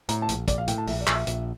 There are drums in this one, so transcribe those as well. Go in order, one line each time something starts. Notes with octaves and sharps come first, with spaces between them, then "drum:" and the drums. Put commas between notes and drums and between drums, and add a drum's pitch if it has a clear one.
A2 A#5, drum: hi-hat
A5
A#1, drum: hi-hat
A#1 D5, drum: kick, hi-hat
F5
A2 G5, drum: hi-hat
A5
A#1 E5, drum: open hi-hat
D5
A#1, drum: clap
E5
A#1, drum: hi-hat